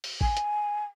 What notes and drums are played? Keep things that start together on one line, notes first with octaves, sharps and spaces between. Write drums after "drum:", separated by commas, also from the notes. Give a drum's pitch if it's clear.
drum: open hi-hat
G#5, drum: kick G#1
drum: hi-hat